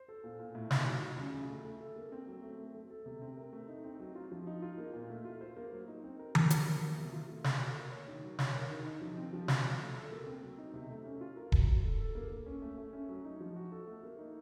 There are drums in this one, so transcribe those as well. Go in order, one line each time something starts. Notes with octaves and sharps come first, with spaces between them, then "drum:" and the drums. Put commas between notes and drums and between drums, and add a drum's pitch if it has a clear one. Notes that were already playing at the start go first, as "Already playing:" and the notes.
Already playing: C5
A4
A#2
A#2
A2
D#4, drum: snare
F#3
F4
C#3
C#3
A3
A3
A4
A#3
C4
F#3
A3
A3
A3
A4
C3
C4
A#4
A3
D#4
C4
F#3
F4
F3
D#4
F4
A#3
A#2
A3
F4
C5
A#3
F#3
D#4
C4
A#4
A#3, drum: tom D#3
F3, drum: hi-hat
A#3
F#3
C3
F4
A3
A3, drum: snare
F#4
A#3
C#5
D#3
F#3
C#5, drum: snare
A#4
D#3
D#4
F3
C4
F3
F3, drum: snare
F#3
A3
A4
A#3
C4
F#3
D#4
C3
A3
C#4
F4
A#4
F#3, drum: kick D#1
F#3
A4
A4
A#3
A#3
C#4
A3
A3
C#4
F#3
D#4
F3
F#4
A4
A3
A#3
D#4